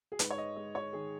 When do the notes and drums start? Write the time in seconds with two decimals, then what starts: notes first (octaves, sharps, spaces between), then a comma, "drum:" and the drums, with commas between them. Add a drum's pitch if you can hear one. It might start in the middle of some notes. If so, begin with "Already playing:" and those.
0.12 G#4
0.19 G#2 B4, drum: hi-hat
0.31 C#5
0.38 D#5
0.56 G#3 D#5
0.75 C#5
0.93 D#3 G#4